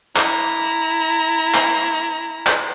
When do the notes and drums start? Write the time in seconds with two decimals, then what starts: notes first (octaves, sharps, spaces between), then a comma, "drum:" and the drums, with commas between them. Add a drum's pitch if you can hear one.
0.16 E4 A#5, drum: clap
1.54 drum: clap
2.46 drum: clap